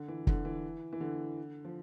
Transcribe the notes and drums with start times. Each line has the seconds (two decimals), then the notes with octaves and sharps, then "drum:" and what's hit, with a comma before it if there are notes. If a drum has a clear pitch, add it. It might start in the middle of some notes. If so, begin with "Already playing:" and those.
Already playing: D3
0.08 E3
0.27 D3, drum: kick
0.45 E3
0.93 E3
1.00 D3
1.65 F3